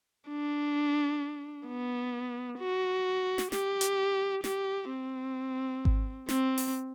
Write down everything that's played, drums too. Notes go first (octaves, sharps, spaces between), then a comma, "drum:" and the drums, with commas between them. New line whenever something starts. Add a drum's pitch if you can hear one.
D4
B3
F#4
drum: snare
G4, drum: snare
drum: hi-hat
G4, drum: snare
C4
drum: kick G#1
C4, drum: snare
drum: open hi-hat